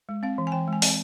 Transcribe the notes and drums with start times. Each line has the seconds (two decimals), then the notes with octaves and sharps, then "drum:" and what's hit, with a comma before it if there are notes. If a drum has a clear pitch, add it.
0.09 G#3
0.23 C4 F5
0.38 E3
0.47 G#5
0.52 E3 G5
0.68 G#3
0.73 G#5
0.82 C4, drum: open hi-hat